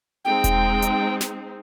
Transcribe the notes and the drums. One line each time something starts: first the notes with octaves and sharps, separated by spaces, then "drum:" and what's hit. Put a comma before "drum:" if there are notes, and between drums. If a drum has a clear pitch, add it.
G#3 C4 D#4 G5
drum: kick E1, hi-hat
drum: hi-hat
drum: snare